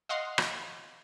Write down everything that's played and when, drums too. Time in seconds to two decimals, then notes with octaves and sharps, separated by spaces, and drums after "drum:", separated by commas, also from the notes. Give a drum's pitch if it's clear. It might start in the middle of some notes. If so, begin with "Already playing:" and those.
0.09 D#5 F5 F#5 C6
0.38 drum: rim click